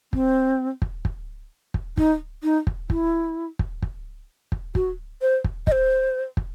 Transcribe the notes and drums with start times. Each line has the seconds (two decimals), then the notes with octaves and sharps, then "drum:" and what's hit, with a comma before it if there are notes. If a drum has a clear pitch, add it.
0.13 C4, drum: kick
0.82 drum: kick
1.05 drum: kick
1.74 drum: kick
1.97 D#4, drum: kick
2.43 D#4
2.67 drum: kick
2.90 E4, drum: kick
3.59 drum: kick
3.82 drum: kick
4.52 drum: kick
4.75 F#4, drum: kick
5.22 C5
5.44 drum: kick
5.67 D#5, drum: kick
5.72 C5
6.37 drum: kick